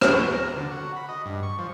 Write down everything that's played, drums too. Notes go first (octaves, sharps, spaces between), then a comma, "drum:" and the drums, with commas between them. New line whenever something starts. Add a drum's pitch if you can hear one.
C#4, drum: rim click
C#4
A#5
D3
F#4
B5
D#5
G2
C#6
F3